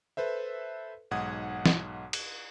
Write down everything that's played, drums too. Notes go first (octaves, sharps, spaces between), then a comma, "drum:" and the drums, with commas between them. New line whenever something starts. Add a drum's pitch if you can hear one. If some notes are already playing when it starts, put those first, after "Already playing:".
A4 B4 C5 E5
B1 G#2 F#5 D#6 G#6
drum: snare
drum: cymbal